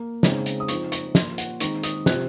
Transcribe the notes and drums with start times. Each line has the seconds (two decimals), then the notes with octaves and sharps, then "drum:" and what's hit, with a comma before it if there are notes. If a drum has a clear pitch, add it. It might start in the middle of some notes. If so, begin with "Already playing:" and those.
Already playing: A#3
0.23 C#3 G#3 C4 D#4, drum: snare
0.46 drum: hi-hat
0.60 D#6
0.69 F3 C4 D#4 C#6, drum: hi-hat
0.92 C#6, drum: hi-hat
1.15 A#2 F3 A#3 C6, drum: snare
1.38 F#5, drum: hi-hat
1.60 D#3 G#3 C4 D#4 C#6, drum: hi-hat
1.83 D#6, drum: hi-hat
2.06 C3 F3 C4 F#6, drum: snare